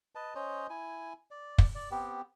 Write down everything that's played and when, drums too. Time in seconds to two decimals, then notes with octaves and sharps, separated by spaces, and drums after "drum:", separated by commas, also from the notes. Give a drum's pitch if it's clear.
0.15 B4 D#5 A5
0.35 C#4 C5 C#5 D#5
0.70 E4 G#5
1.31 D5
1.58 drum: kick
1.75 D5
1.91 B3 C4 G4